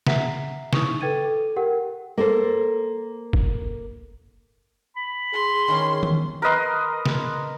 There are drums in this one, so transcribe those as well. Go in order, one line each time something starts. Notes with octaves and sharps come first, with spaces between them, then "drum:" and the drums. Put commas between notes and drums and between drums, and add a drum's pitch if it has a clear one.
E5 F#5 A#5 B6 C7, drum: snare C#3
D#4 E4 C#6 D#6 F7, drum: snare C#3
A4 B4 G5 G#6 A6 D#7
A4
G4 A#4 F#5 G5
A#3 A4 C5
drum: kick
B5
G#4 C6
D#3 E3 C#4
drum: tom D#3
A#4 B4 D#5 C6
drum: snare C#3